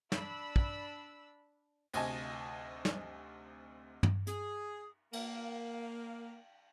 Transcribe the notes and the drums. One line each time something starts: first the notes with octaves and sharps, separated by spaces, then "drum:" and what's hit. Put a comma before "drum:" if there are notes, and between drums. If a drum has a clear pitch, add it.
D4 B5 E6, drum: snare
drum: kick
D2 C3 D#5 G#5 A5, drum: cymbal
drum: snare
drum: tom
G#4, drum: hi-hat
A#3, drum: cymbal